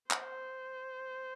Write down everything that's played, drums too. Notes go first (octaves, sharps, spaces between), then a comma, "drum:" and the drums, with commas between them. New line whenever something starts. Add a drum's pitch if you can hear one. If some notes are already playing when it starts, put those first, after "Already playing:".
C5, drum: clap